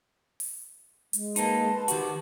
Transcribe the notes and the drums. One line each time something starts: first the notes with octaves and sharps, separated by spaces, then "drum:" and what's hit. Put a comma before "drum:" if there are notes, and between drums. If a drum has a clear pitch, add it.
drum: open hi-hat
G#3, drum: hi-hat
A#3 D#4 B4 A5 C6, drum: hi-hat
D#3 F#4 G4, drum: hi-hat